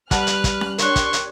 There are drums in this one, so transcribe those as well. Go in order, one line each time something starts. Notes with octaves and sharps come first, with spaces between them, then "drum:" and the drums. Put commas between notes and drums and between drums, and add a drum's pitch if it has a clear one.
G3 B4 F#5 A5 F6 F#6, drum: kick, hi-hat
drum: hi-hat
drum: kick, hi-hat
drum: snare C#4
D4 G4 A#4 C#5 C6 C#6 F#6, drum: hi-hat
drum: kick, hi-hat
drum: hi-hat